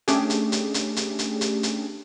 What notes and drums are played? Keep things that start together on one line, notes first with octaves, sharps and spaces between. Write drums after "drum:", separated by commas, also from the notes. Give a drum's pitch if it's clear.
A3 C#4 D4 G4 G#4, drum: hi-hat
drum: hi-hat
drum: hi-hat
drum: hi-hat
drum: hi-hat
drum: hi-hat
drum: hi-hat
drum: hi-hat